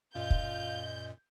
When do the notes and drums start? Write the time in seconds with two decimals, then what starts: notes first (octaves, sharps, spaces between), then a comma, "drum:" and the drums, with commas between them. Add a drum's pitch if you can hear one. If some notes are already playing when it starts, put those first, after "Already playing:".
0.15 F#2 A#2 F4 D#5 G6
0.30 drum: kick